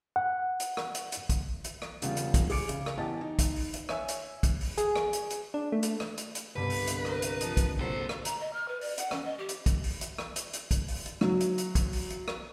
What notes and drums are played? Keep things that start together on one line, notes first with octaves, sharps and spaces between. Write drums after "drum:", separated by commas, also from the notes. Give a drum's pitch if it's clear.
F#5
drum: hi-hat
drum: rim click
drum: hi-hat
drum: hi-hat
drum: kick, hi-hat
drum: hi-hat
drum: rim click
E1 C#3 G3 F4 F#5, drum: hi-hat
drum: hi-hat
drum: kick, hi-hat
G#4 D6 C#7 D7, drum: open hi-hat
C#3, drum: hi-hat
drum: rim click
E2 E3 G4 D#5 A5 A6
D#4
drum: kick, hi-hat
drum: open hi-hat
drum: hi-hat
C#5 E5 G#5 E6, drum: rim click
drum: hi-hat
drum: kick, hi-hat
drum: open hi-hat
G#4, drum: hi-hat
drum: rim click
drum: hi-hat
drum: hi-hat
D4
A3
drum: hi-hat
drum: rim click
drum: hi-hat
drum: hi-hat
C2 G2 B2 D3 G3 B4
drum: open hi-hat
drum: hi-hat
A#4, drum: rim click
drum: hi-hat
F3 D#5 A5, drum: hi-hat
drum: kick, hi-hat
C2 A#2 F#3 A4 C5
drum: rim click
A#5, drum: hi-hat
D#5
F6
B4
D5, drum: open hi-hat
F#5, drum: hi-hat
C#4, drum: rim click
D#5
G4
drum: hi-hat
drum: kick, hi-hat
drum: open hi-hat
drum: hi-hat
drum: rim click
drum: hi-hat
drum: hi-hat
drum: kick, hi-hat
drum: open hi-hat
drum: hi-hat
F#3, drum: rim click
drum: hi-hat
drum: hi-hat
drum: kick, hi-hat
drum: open hi-hat
drum: hi-hat
drum: rim click